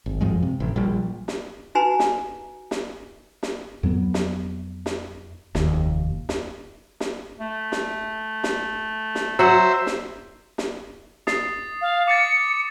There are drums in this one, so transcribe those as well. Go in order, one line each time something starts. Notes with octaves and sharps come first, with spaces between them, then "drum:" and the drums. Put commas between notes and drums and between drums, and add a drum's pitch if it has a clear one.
G#1
G#1 F2 F3 G#3
C3
A1
A#1 G3
drum: snare
D#4 F#4 B4 G#5 A#5 C6
drum: snare
drum: snare
drum: snare
F2 F#3 A3 B3
drum: snare
drum: snare
F1 D#2, drum: snare
drum: snare
drum: snare
A3
drum: snare
drum: snare
drum: snare
F#3 F#4 C5 E5 F#5
drum: snare
drum: snare
D#6 A6 C7, drum: snare
F5
D6 A6 C#7